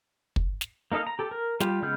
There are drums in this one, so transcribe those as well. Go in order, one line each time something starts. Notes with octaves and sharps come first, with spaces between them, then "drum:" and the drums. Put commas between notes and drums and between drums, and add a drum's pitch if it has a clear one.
drum: kick
drum: snare
A#3 D#4 A4 D#5 F5
A#5
G4 A4
A#4
G3 F4 G4, drum: snare
C#3 G#3 B3 F6 G6